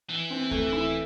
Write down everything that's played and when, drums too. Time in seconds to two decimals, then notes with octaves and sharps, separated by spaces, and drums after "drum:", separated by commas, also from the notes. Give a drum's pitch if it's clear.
0.09 E3
0.30 C4
0.51 A3, drum: kick C#2
0.72 E4